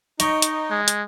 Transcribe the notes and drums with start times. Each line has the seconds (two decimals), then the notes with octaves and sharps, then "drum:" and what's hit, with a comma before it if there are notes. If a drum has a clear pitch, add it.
0.20 D#4 C#5 D#5 G5, drum: hi-hat
0.42 drum: hi-hat
0.71 G#3
0.88 drum: hi-hat